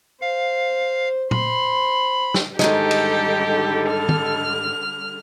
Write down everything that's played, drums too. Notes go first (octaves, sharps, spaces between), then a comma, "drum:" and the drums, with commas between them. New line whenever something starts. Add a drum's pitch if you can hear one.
C5 F5
C5 B5 C6, drum: tom A#2
drum: snare
G#2 D3 D#3 G3 G#3 D#4 G4 A4, drum: snare
drum: cymbal
F6
drum: tom